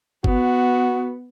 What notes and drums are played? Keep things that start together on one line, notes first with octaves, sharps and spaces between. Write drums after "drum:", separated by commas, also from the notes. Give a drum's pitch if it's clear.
B3 F#4, drum: kick